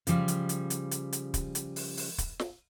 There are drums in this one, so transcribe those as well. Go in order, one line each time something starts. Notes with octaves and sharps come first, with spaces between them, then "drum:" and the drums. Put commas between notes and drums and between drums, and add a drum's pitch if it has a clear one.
C#3 F3 G3, drum: hi-hat
drum: hi-hat
drum: hi-hat
drum: hi-hat
drum: hi-hat
drum: hi-hat
drum: kick, hi-hat
drum: hi-hat
drum: open hi-hat
drum: open hi-hat
drum: kick, hi-hat
drum: snare